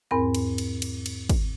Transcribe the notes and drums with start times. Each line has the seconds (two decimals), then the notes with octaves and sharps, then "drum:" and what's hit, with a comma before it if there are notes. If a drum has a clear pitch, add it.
0.11 E2 G#2 C4 A#4 B5
0.35 drum: cymbal
0.58 drum: cymbal
0.82 drum: cymbal
1.06 drum: cymbal
1.29 drum: kick, cymbal